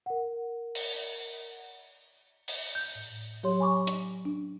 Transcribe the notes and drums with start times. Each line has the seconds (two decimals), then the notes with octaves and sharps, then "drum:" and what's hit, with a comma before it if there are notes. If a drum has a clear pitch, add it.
0.06 A#4 F#5
0.75 drum: open hi-hat
2.48 drum: open hi-hat
2.75 G6
2.95 A2
3.43 F#3 G4 C#5 C6
3.60 G#5 B5 C#6 D6
3.87 drum: hi-hat
4.25 D4